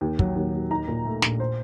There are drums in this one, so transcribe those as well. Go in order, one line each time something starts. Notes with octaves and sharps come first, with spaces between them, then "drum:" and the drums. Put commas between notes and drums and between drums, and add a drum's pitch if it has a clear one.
D#2
F#3, drum: kick
D#2
D#2
D#4 A#5
A#2
A3
A#1, drum: snare
C5